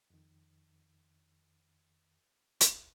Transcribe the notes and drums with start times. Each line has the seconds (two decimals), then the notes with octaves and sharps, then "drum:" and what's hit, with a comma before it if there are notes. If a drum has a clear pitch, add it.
0.10 F2 D#3
2.61 drum: hi-hat